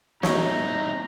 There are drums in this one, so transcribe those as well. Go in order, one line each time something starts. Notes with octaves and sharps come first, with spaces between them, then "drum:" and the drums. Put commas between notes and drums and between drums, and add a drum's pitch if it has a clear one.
G3 A#3 C4 D#4 E4 C#5 A#5, drum: snare